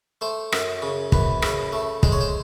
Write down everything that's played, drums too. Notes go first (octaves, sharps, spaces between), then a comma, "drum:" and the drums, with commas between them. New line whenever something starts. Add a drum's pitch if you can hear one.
A3 C5
F#2, drum: rim click
C#3
F#2 B4, drum: kick
C#3, drum: rim click
A3
G#3 C5, drum: kick
C#5
C5